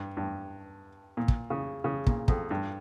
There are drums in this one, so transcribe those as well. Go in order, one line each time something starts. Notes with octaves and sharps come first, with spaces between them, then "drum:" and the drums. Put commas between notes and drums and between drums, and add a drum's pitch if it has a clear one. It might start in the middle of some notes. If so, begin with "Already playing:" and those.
Already playing: G2
G2
A#2
drum: kick
C#3
C#3
A#2, drum: kick
F2, drum: kick
G2